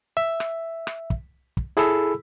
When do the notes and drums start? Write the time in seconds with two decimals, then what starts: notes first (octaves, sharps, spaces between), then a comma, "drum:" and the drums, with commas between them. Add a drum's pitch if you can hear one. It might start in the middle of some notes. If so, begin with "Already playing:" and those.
0.17 E5
0.40 drum: rim click
0.87 drum: rim click
1.10 drum: kick
1.57 drum: kick
1.77 E4 G#4 A4 B5 E6